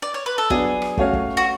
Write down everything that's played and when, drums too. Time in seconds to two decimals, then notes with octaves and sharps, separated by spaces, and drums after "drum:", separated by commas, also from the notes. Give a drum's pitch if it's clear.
0.02 D5
0.14 C#5
0.26 B4
0.38 A4
0.50 F#3 B3 D4 G#4, drum: kick
0.82 drum: rim click
0.97 A3 C#4 F#4 C#5 F5, drum: kick
1.13 drum: kick
1.37 F#4